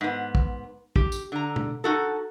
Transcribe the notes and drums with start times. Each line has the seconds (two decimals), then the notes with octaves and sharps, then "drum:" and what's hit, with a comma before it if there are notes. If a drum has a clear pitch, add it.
0.01 G#2 B3
0.35 drum: kick
0.96 G4, drum: kick
1.12 drum: tambourine
1.32 D3 A#5
1.56 drum: tom B2
1.84 D#4 F#4 A4